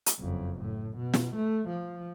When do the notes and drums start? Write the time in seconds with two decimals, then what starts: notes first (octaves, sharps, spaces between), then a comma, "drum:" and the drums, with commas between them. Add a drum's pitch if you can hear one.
0.06 drum: hi-hat
0.20 F#1 F2
0.61 A2
0.97 B2
1.14 drum: snare
1.36 A3
1.69 F3